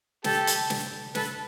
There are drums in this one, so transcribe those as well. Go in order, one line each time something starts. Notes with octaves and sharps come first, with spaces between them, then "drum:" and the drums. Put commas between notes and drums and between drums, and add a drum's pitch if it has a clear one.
G4 A4, drum: snare
drum: hi-hat
drum: snare
A4 B4, drum: snare